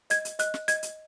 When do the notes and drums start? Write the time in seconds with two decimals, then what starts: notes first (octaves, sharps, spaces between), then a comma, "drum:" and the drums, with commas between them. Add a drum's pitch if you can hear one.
0.10 D#5 G#6, drum: hi-hat
0.25 drum: hi-hat
0.39 D#5 F#6, drum: hi-hat
0.54 drum: snare
0.68 D#5 G#6, drum: hi-hat
0.83 drum: hi-hat